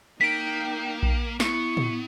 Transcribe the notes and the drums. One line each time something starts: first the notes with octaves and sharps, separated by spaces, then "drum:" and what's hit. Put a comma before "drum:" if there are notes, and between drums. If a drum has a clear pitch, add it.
A#3 D#4 G5 B6 D7
drum: kick A#1
B3 E4 C#6, drum: snare
drum: tom